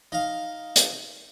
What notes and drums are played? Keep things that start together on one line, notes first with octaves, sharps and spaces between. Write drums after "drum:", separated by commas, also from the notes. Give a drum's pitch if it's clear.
D#4 F5
drum: hi-hat